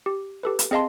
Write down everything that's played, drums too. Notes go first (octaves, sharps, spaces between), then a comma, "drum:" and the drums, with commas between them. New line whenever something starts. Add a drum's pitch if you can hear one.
G4
G4 A4 B4
drum: hi-hat
C4 G#4 D#5 F5 A5 C6